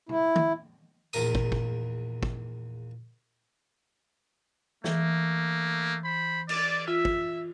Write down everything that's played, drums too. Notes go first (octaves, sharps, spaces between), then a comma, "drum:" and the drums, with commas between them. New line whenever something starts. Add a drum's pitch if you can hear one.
E4, drum: tom C3
drum: tom D#3
A#1 E2 A#2 A#4 D#6, drum: tambourine
drum: kick
drum: kick
drum: kick
E3 A3 A#3, drum: snare
C5 B5
D5, drum: cymbal
F4 E5
drum: kick